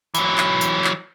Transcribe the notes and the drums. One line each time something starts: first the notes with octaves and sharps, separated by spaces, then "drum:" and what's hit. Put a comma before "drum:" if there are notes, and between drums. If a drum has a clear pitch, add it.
E3 F#3, drum: tambourine
drum: clap
drum: tambourine
drum: clap